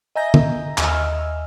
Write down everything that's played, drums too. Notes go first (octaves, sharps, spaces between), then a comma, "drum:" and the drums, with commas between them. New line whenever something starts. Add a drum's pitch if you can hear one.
D#5 E5 G#5 A#5 G6 A#6
drum: tom
D#2 D#5 G#5 E6 F6, drum: clap